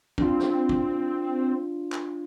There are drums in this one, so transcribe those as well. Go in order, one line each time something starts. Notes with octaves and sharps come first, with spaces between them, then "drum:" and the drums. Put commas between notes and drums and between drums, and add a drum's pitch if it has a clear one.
C4 D4 F4, drum: kick
drum: snare
drum: kick
drum: clap